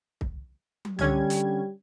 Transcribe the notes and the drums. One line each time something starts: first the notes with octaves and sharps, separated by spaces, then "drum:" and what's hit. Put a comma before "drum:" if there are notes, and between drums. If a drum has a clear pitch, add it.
drum: kick
drum: tom
D3 G3 C#4 G#6, drum: tom
drum: hi-hat